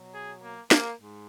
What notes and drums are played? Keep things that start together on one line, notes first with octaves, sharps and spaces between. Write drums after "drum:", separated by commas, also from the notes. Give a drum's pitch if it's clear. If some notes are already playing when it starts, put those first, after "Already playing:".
Already playing: B2 F#3
G#4
A#3
A#3, drum: snare
G#2